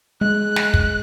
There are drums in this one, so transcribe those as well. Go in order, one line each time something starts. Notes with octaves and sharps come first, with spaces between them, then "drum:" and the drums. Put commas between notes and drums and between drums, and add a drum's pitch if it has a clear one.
G#3 F#6
drum: snare
drum: kick